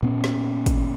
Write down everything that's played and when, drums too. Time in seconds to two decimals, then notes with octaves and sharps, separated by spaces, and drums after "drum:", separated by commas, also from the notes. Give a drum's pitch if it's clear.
0.03 A#2 B3 C#4
0.24 drum: snare
0.66 drum: kick, hi-hat